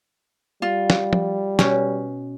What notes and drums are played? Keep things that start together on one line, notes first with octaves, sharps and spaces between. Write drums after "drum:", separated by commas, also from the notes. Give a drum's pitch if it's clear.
G3 F4
drum: snare
drum: tom
B2 C#4, drum: snare